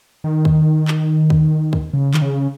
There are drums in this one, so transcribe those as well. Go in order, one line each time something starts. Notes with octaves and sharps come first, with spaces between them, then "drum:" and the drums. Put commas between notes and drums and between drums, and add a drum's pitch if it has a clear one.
D#3
drum: kick
drum: clap
drum: kick
drum: kick
C#3
D#3, drum: clap
C#3